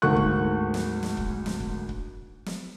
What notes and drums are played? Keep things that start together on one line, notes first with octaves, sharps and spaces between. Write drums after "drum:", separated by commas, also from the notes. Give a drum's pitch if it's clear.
D2 G#2 A#3 C#6 F#6
drum: kick C#1
drum: snare
drum: snare
drum: kick C#1
drum: snare
drum: kick C#1
drum: kick C#1
drum: snare